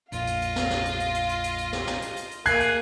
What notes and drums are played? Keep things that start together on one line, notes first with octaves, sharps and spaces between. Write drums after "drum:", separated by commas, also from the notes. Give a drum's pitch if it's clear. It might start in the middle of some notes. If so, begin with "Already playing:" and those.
A#1 F2 A#2 F4 D#5 F5, drum: hi-hat
drum: hi-hat
drum: hi-hat
drum: snare
drum: snare
drum: hi-hat
drum: hi-hat
drum: hi-hat
drum: hi-hat
drum: hi-hat
drum: hi-hat
drum: snare
drum: snare
drum: hi-hat
drum: hi-hat
drum: hi-hat
A3 A#3 G#4 F#6 G#6 C7, drum: hi-hat
drum: hi-hat